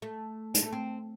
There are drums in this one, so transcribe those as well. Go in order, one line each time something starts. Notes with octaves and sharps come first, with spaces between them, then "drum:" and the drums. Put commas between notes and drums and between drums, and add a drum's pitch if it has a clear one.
A3
G#3, drum: hi-hat
A3
C4